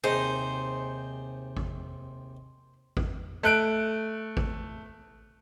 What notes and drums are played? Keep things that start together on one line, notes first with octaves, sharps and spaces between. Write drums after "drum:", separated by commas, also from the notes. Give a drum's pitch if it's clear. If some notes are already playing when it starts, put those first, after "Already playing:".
D#2 C3 D#4 G#4 C5 A5
drum: kick G#1
drum: kick G#1
A3 F#6 D7
drum: kick G#1